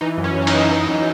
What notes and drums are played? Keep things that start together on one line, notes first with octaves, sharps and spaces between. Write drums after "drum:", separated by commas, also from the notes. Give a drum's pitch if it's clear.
E3 D#4
F#2
C#4
E3
C#4
D#4, drum: cymbal
E3
E3 D#4
F#2